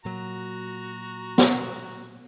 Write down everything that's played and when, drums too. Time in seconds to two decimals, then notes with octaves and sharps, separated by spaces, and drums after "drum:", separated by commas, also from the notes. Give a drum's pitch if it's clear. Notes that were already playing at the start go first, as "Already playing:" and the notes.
0.05 A#2 F#3 F#4 A#5
1.38 drum: snare